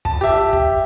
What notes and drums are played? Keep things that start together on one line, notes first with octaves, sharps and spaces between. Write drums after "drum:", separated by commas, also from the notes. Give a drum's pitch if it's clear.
A5, drum: kick
G4 E5
drum: kick